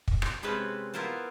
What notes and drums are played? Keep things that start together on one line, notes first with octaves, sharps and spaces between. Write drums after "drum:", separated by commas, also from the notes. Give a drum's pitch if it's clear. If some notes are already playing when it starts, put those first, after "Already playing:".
drum: kick
drum: rim click
C3 G#3 C4 C#4 B4 A5
B3 E4 F4 A#4 C5 A5